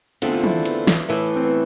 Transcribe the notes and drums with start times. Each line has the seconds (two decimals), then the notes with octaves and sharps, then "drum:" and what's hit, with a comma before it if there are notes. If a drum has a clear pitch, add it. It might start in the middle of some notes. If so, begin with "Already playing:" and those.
0.22 E2 D3 A3 C4 F4, drum: cymbal
0.33 F4
0.44 E4, drum: tom
0.55 D4
0.65 B3, drum: cymbal
0.87 drum: snare
1.09 A2 E3 A3
1.36 C4
1.44 B3